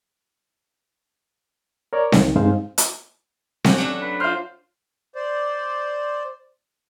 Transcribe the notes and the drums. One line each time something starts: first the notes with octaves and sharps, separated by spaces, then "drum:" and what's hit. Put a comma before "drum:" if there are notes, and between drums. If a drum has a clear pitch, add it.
A#4 C#5 D5
C2 D#3, drum: snare C4
G2 G#3 C4 D#4 C5 F5
drum: hi-hat
C#4 F#4 G4, drum: snare C4
F#3 A3 D4
B4
F4 C5 F6
C5 D5